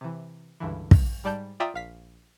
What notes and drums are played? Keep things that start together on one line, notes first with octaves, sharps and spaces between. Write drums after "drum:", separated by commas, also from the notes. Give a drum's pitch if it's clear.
C3 E3
C#2 G2 D3 E3
drum: kick
G#2 G3 D5 A5 G6
F4 D5 E5 G5 A#5 D#6
A#1 F5 B6